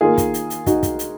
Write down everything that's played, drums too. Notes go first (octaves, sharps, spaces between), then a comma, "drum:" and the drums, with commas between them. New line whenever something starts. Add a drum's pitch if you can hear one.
D#3 A#3 F4 G#4
drum: kick, hi-hat
drum: hi-hat
drum: hi-hat
D#4 F#4, drum: kick, hi-hat
drum: kick, hi-hat
drum: hi-hat